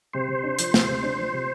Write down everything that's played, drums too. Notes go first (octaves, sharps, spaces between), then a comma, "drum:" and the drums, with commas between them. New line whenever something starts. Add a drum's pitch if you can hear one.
C3 C5
C3
D4
F3, drum: hi-hat
C3, drum: snare
C3
D4
F3
C3